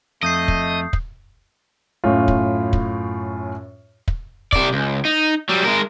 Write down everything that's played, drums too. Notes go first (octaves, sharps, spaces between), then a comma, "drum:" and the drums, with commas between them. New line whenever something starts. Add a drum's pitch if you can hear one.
F2 A3 D#5 D#6 G6 C7
drum: kick
drum: kick
F#2 A2 F4
drum: kick
drum: kick
drum: kick
C3 D5, drum: kick
C#2
D#4
F#3 G3
G#3 A#4